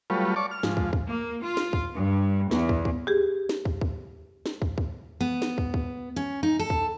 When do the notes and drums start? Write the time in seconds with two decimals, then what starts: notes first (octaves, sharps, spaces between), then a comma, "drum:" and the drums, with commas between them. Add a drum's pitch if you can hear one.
0.10 F#3 G3 A3 F4 B4 C#5
0.36 C#5 D5 A5 C#6 D6
0.51 F6
0.63 G#2 F3, drum: snare
0.77 drum: kick
0.93 drum: kick
1.09 A#3
1.43 F4
1.57 drum: snare
1.73 drum: kick
1.95 G2
2.51 E2, drum: snare
2.69 drum: kick
2.85 drum: kick
3.07 G4 G#4
3.49 drum: snare
3.65 drum: kick
3.81 drum: kick
4.46 drum: snare
4.62 drum: kick
4.78 drum: kick
5.21 B3
5.42 drum: snare
5.58 drum: kick
5.74 drum: kick
6.16 C#4
6.43 D#4
6.59 A4
6.70 drum: kick